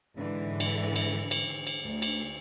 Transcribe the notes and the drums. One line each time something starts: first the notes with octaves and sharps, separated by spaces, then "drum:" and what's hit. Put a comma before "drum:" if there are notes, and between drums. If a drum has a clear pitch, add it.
G#2 D3 E3
drum: cymbal
drum: cymbal
drum: cymbal
drum: cymbal
D2
drum: cymbal